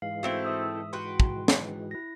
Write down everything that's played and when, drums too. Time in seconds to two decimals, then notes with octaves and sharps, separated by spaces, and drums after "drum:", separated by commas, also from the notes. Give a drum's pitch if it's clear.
0.02 G#2 E3 G#3 F5
0.23 A3 C4 E4 F#4 C5
0.45 E5 D#6 E6
0.93 F#4 B4 G5 C6
1.20 drum: kick
1.48 drum: snare
1.91 E4 A#6